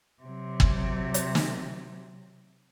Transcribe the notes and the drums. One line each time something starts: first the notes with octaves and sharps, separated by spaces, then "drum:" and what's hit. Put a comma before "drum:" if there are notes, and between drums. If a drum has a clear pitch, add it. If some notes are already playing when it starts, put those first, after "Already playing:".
C3 F#3
drum: kick
drum: hi-hat
drum: snare